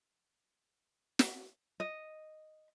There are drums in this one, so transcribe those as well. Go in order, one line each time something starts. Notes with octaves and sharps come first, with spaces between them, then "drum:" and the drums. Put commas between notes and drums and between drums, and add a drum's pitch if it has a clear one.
drum: snare
D#5